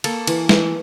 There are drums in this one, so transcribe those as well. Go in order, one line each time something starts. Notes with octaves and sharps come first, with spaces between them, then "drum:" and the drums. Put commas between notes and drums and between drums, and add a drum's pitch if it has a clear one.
A#3 A4, drum: cymbal
E3, drum: cymbal
E3, drum: snare